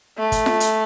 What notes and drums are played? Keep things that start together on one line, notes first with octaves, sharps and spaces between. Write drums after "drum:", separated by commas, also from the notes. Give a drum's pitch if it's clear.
A3
drum: kick, hi-hat
drum: snare F4
drum: hi-hat